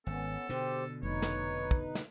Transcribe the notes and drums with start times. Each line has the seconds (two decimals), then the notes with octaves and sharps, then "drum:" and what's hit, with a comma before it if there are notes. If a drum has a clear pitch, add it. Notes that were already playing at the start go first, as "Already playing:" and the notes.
0.07 G#1 B3 C#4 A4
0.49 B2 D3 G4 C5
1.03 F1 D#4 B4 C#5
1.22 drum: snare
1.71 drum: kick
1.95 drum: snare